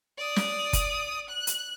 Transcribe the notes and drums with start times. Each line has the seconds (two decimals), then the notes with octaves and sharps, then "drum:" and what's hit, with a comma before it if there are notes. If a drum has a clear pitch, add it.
0.18 D5 D#6
0.36 drum: snare
0.73 drum: kick F#1, hi-hat
1.29 F#6
1.47 drum: hi-hat